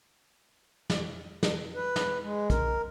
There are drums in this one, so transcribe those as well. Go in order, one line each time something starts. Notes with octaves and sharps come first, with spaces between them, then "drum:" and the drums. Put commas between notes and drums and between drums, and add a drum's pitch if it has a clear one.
drum: snare
drum: snare
B4
drum: snare
G#3
A#4, drum: kick, hi-hat